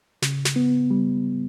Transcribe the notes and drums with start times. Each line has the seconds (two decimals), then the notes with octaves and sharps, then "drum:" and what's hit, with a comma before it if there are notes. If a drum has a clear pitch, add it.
0.22 C#3, drum: snare
0.45 drum: snare
0.56 B3
0.90 G3